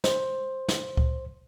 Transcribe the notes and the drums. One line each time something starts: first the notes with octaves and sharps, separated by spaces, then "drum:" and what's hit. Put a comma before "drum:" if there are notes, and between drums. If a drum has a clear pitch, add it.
C5, drum: snare
drum: snare
drum: kick C#2